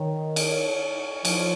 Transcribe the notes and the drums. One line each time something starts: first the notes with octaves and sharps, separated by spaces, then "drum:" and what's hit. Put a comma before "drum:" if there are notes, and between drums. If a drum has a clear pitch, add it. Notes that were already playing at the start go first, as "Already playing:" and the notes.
Already playing: D#3 F#3 A#3 D#4 A#4
C#4 G#4 C#5, drum: cymbal
F3 A#3 C#4 F4, drum: cymbal